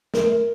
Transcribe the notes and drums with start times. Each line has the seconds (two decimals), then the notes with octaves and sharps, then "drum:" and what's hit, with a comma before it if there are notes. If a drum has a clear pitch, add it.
0.14 A#4, drum: snare